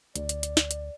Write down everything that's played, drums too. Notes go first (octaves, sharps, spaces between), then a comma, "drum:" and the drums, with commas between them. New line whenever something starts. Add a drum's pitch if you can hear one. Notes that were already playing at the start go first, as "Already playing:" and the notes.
D2 D5, drum: hi-hat
drum: hi-hat
drum: hi-hat
drum: snare
drum: hi-hat